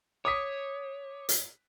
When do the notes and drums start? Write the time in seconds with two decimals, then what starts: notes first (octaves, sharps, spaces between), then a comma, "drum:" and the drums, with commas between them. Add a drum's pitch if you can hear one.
0.25 C#5 D6 D#6 B6
1.29 drum: hi-hat